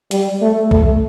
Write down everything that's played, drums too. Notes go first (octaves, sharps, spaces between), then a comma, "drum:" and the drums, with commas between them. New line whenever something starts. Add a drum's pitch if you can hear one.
G3, drum: hi-hat
A3
A3, drum: kick